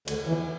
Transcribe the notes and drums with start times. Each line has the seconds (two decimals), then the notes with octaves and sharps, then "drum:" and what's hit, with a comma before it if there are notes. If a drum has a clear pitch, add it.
0.08 D2 D3, drum: cymbal
0.27 E2 E3